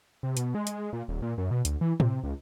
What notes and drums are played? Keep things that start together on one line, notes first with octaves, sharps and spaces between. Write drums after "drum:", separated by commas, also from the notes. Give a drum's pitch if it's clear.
C3
B2, drum: hi-hat
G#3
drum: hi-hat
A#2
D#1
A#2
F#2
B2
D2, drum: hi-hat
E3
C3, drum: tom A2
C#2